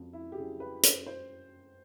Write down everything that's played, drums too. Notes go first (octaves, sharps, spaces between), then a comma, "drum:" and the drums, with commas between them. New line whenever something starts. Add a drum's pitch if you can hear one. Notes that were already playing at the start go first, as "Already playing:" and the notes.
Already playing: F2 C#3 F#3
E4
G4
C#3 F#3 G#4
B4
F#2 C5, drum: hi-hat
C5